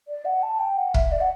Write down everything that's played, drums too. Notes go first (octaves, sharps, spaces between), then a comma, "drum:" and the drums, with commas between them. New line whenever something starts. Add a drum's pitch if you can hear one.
D5
F#5
A5
G5
F#5
E5, drum: kick
D5
F#5